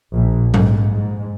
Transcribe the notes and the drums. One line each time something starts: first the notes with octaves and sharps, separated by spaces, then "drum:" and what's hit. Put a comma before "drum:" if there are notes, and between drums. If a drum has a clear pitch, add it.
A#1
G#2, drum: tom F#3
G#2